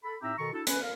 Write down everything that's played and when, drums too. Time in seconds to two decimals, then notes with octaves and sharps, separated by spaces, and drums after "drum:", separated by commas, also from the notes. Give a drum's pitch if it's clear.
0.04 A4 B5
0.22 A2 C4 D#4 G4 E5 A#5
0.38 B2 D#3 A4 A#5 C#6
0.53 D4 E4 F#4 A4
0.67 C#4 B4, drum: hi-hat
0.82 A#4 F5